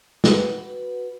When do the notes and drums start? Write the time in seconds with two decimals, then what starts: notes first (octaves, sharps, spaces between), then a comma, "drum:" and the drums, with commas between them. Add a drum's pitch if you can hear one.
0.24 F#4 B4, drum: snare